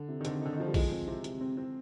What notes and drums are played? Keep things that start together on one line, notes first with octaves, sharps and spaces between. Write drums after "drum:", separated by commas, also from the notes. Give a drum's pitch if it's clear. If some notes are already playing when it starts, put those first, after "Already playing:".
Already playing: D3
C3
D#3
D3 C4, drum: hi-hat
D3 D#4
D#3
F3 D#4
G3
F3 G#3, drum: kick, open hi-hat
C4
C3
C3, drum: hi-hat
C4
C4